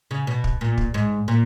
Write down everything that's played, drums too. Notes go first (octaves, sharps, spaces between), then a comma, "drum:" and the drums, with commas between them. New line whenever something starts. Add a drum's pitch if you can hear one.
C#3
B2
drum: kick
A#2
drum: kick
G#2
A#2